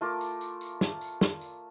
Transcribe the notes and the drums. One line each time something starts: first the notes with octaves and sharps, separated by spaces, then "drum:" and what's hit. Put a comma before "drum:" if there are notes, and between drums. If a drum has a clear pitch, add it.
A3 F4 A#4 D6
drum: tambourine
drum: tambourine
drum: tambourine
drum: snare
drum: tambourine
drum: snare
drum: tambourine